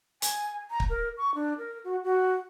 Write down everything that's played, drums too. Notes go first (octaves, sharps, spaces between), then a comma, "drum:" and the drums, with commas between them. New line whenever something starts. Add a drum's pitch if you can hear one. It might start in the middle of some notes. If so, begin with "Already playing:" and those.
G#5, drum: hi-hat
A#5
drum: kick
A#4
C#6
D4
A#4
F#4
F#4